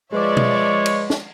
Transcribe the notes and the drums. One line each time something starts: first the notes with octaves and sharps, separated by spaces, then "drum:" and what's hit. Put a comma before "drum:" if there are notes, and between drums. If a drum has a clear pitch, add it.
F3 G#3 G#4 B4 C#5 D5 E5 D6
drum: tom B2
drum: cymbal
drum: snare